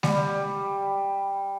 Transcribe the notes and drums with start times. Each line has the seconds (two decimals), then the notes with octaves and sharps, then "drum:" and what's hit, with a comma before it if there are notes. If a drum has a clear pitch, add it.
0.03 G3, drum: snare G#3